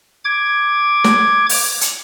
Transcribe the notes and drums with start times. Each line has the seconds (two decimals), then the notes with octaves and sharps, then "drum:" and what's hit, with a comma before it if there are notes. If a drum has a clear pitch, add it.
0.25 D6 G#6
1.04 drum: snare
1.49 drum: open hi-hat
1.81 drum: hi-hat